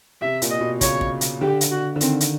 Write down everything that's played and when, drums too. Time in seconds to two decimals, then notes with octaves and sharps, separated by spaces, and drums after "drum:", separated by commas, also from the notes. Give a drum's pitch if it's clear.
0.22 C3 E5
0.42 A#2, drum: hi-hat
0.51 D#5
0.61 B2
0.81 C#3 C#5, drum: kick, hi-hat
1.01 drum: kick
1.21 drum: hi-hat
1.41 D3 G4
1.61 drum: hi-hat
1.71 F#4
1.96 D3
2.01 D#3 C4, drum: hi-hat
2.20 drum: hi-hat